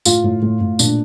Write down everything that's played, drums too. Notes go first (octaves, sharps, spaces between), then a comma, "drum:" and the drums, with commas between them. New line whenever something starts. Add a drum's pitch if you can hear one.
A2 F4, drum: tambourine
A2
A2
A2
A#2 D4, drum: tambourine